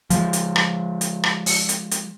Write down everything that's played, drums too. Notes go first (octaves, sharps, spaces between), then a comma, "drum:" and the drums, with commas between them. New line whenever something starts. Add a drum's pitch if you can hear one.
F3 G#3, drum: hi-hat
drum: hi-hat
drum: rim click
drum: hi-hat
drum: rim click
drum: open hi-hat
drum: hi-hat
drum: hi-hat